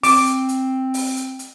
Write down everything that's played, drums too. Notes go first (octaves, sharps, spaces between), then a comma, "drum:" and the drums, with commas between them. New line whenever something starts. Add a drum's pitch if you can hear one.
C4 D6, drum: open hi-hat
drum: hi-hat
drum: hi-hat
drum: open hi-hat
drum: hi-hat
drum: hi-hat